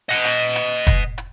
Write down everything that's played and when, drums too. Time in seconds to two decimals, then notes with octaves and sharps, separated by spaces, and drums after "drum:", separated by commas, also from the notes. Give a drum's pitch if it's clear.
0.09 D#5 F#5
0.25 drum: hi-hat
0.56 drum: hi-hat
0.87 drum: kick, hi-hat
1.18 drum: hi-hat